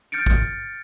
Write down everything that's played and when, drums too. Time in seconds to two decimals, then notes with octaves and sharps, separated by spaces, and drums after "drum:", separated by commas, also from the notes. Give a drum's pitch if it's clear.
0.12 F6 G6 A6 C#7 D7
0.26 drum: kick